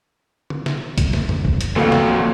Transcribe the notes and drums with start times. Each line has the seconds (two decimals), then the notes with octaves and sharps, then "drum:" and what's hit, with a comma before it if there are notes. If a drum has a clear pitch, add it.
0.50 drum: tom D3
0.66 drum: snare
0.98 drum: kick, hi-hat
1.13 drum: snare
1.29 drum: tom F2
1.45 drum: kick
1.61 drum: hi-hat
1.76 A1 F2 A#2 F#3 A#3 A4 F5, drum: tom D3
1.92 drum: snare